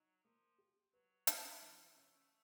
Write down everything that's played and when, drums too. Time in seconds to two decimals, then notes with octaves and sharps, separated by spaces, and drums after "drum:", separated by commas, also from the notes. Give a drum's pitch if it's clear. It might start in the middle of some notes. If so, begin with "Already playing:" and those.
Already playing: F#3 D#4
0.24 F3 A#3
0.58 G4
0.93 F#3 B4
1.27 G#3 D#4, drum: hi-hat
1.62 E3 A3
1.96 C#4